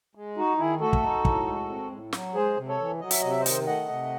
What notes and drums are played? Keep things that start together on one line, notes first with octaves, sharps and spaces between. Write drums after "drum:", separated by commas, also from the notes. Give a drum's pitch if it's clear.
G#3
D#4 F#4
D#3 E4 G#4
A3 F#4 A4
drum: kick
D#4
A2, drum: kick
G#3
C4
A2
F#3, drum: snare
G#3 G#4 C5
C3
A4 C#5
E3
F#3 D#5
E5, drum: hi-hat
C3 D#5
E5
C5 D#5
D#3, drum: hi-hat
A3 D#5 F#5
C3